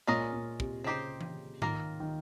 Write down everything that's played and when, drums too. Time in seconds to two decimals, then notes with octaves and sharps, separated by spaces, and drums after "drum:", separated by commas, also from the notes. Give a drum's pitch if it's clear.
0.07 A#2 G#3 C#4 F4 A#4 D#5
0.33 A#2
0.60 C3, drum: kick
0.84 C#3 C4 D#4 G4 C5
1.21 drum: tom E3
1.62 D#3 A#3 F4 A#4, drum: tom G#2
2.00 D#3